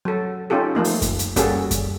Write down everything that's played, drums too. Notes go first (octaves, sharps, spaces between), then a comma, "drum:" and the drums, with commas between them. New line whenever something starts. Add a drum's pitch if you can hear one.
F#3 A4
C#4 D#4 F4 G4 A4
F3 A3 A#3 D#4
drum: open hi-hat
drum: kick F#2, hi-hat
drum: hi-hat
G3 A#3 C#4 F#4 G#4 A4, drum: kick F#2, hi-hat
drum: kick F#2, hi-hat